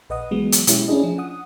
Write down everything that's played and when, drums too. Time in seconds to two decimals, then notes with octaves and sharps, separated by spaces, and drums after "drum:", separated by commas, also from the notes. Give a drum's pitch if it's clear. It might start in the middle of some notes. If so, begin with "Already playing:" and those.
0.09 A#1 B4 D#5 F#5 D#6
0.31 E3 F#3 G#3 B3
0.52 drum: hi-hat
0.67 B2 G#3 C#4 E4 G4, drum: hi-hat
0.88 A3 C#4 D4 E4 G#4 D#5
1.01 F3 D4
1.18 F#5 D#6